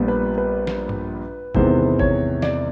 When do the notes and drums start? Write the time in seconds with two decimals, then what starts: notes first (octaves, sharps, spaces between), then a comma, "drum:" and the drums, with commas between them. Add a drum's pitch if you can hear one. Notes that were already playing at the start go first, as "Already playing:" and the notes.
Already playing: A#1 A#2 G3 B3
0.08 B4
0.38 B4
0.67 drum: snare
0.89 drum: tom G2
1.55 E2 C3 D#3 G#3 B3 C5, drum: kick
1.99 C#5, drum: kick
2.42 D5, drum: snare